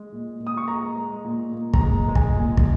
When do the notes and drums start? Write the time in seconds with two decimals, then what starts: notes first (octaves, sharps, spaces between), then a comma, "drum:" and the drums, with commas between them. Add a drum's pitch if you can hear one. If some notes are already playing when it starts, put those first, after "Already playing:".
Already playing: G#3
0.12 A#2
0.40 A#2
0.47 D#6
0.57 C#6
0.68 G#3 A#5
0.96 G#3
1.25 A#2
1.53 A#2
1.74 A#5, drum: kick
1.80 G#3
2.08 G#3
2.15 G#5, drum: kick
2.36 A#2
2.57 drum: kick